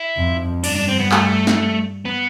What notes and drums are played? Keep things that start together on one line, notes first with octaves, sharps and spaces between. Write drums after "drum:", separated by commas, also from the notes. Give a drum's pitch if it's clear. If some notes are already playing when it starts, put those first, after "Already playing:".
Already playing: E4
F2
G2 D4, drum: cymbal
D4
C4
B3
A3, drum: clap
drum: snare
B3